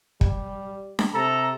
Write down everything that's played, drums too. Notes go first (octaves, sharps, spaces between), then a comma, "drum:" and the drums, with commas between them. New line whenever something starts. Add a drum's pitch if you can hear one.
G3, drum: kick
drum: snare D4
C3 A4 A#5